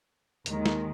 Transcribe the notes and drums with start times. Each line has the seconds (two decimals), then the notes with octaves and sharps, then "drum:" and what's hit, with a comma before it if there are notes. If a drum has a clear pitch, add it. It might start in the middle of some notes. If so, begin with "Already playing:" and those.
0.46 D#2 D#3 G#3, drum: hi-hat
0.66 drum: snare